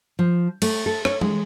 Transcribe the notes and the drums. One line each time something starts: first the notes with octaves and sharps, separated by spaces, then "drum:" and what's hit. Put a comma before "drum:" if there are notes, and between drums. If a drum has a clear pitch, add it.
F3
A3, drum: cymbal
A4
C#5, drum: rim click
G#3, drum: tom E3